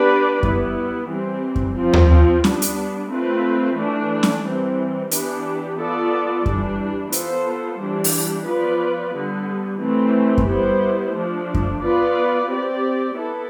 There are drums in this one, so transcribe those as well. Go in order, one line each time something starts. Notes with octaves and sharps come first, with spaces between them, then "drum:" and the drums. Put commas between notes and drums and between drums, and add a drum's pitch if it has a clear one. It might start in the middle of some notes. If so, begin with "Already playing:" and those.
Already playing: B3 D4 G4 B4 D5
G3 B3 E4, drum: kick F#2
E3 G3 C4
drum: kick F#2
F3 C4 F4
drum: tom D#2
G3 B3 D4, drum: snare C#4
drum: hi-hat
A3 C4 F4 B4
E3 A3 D4
drum: snare C#4
E3 G3 C4
E3 B3 D4 G4, drum: hi-hat
B3 F4 A4 D5
E3 G3 D4, drum: kick F#2
B3 F4 A4 C5, drum: hi-hat
E3 G3 D4 G4
drum: open hi-hat
F3 B3 F4 B4 D5
D3 G3 B3
E3 A3 C4
drum: kick F#2
G3 B3 E4 G4 C5
F3 A3 D4
drum: kick F#2
B3 F4 B4 D5
C4 G4 D5
B3 E4 A4